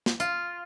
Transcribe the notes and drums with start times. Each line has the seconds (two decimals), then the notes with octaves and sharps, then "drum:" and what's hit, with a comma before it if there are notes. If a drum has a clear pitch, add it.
0.06 drum: snare
0.20 F4, drum: hi-hat